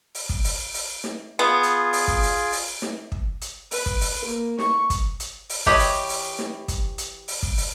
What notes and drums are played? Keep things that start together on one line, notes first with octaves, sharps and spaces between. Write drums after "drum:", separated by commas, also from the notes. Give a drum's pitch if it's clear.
drum: open hi-hat
drum: kick
drum: open hi-hat
drum: open hi-hat
drum: snare
B3 F4 G#4
drum: hi-hat
drum: open hi-hat
drum: kick
drum: open hi-hat
drum: open hi-hat
drum: snare
drum: kick
drum: hi-hat
B4, drum: open hi-hat
drum: kick
drum: open hi-hat
A#3
C#6, drum: snare
drum: kick, hi-hat
drum: hi-hat
drum: open hi-hat
E3 G4 B4 C#5 D#5, drum: kick
drum: open hi-hat
drum: open hi-hat
drum: snare
drum: kick, hi-hat
drum: hi-hat
drum: open hi-hat
drum: kick
drum: open hi-hat